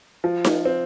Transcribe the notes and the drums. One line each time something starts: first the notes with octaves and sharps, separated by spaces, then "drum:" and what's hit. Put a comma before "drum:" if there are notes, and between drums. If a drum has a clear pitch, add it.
F3
drum: snare D#4
C4